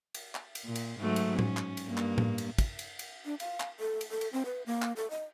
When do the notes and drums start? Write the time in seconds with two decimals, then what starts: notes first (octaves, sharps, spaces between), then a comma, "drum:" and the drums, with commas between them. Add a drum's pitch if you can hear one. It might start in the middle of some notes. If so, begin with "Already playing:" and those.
0.14 drum: cymbal
0.35 drum: clap
0.55 drum: cymbal
0.65 A#2
0.75 drum: cymbal
1.00 G#2 F#3 A3
1.16 drum: cymbal
1.39 C#4, drum: tom A2
1.57 drum: clap
1.77 drum: cymbal
1.88 G2 A#3
1.97 drum: clap
2.18 drum: tom A2
2.38 drum: cymbal
2.58 drum: kick, cymbal
2.79 drum: cymbal
2.99 drum: cymbal
3.25 D4
3.40 F5, drum: cymbal
3.60 drum: clap
3.80 A4
4.01 drum: cymbal
4.11 A4
4.21 drum: cymbal
4.33 C4
4.45 B4
4.66 A#3
4.82 drum: clap
4.96 A4
5.10 D#5